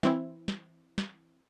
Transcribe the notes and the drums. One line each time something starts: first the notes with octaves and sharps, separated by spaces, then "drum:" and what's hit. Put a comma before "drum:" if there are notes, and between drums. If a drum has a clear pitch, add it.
E3 C4 E4, drum: snare
drum: snare
drum: snare